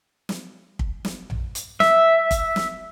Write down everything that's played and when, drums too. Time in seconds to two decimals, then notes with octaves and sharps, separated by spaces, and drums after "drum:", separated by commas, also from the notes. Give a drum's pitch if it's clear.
0.29 drum: snare
0.79 drum: kick
1.05 drum: snare
1.30 drum: tom A#1
1.55 drum: hi-hat
1.80 E5, drum: snare
2.31 drum: kick, hi-hat
2.56 drum: snare